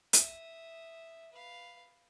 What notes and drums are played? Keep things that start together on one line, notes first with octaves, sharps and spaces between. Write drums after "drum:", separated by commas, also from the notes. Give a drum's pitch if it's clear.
E5 D#6, drum: hi-hat
B4 F5